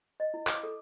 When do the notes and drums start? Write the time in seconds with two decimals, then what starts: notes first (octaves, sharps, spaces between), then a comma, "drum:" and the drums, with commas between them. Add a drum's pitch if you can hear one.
0.20 D#5
0.34 E4
0.47 D6, drum: clap
0.64 A4